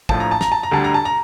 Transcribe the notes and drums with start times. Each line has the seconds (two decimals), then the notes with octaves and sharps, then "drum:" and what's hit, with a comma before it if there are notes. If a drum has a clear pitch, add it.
0.09 A#1 A2 F3 A5, drum: kick
0.20 A#5
0.31 A5
0.41 A#5, drum: snare
0.52 A5
0.63 A#5
0.71 D2 D3 G3 A5
0.84 A#5
0.94 A5
1.05 A#5